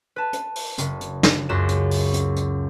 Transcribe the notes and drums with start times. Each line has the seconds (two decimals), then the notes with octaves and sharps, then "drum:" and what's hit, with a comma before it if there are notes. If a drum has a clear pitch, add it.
0.16 B4 A5
0.33 drum: hi-hat
0.55 drum: open hi-hat
0.78 F#1, drum: hi-hat
1.01 drum: hi-hat
1.23 drum: snare
1.49 C#2 F#2 F#4 E7
1.68 drum: hi-hat
1.91 drum: open hi-hat
2.14 drum: hi-hat
2.36 drum: hi-hat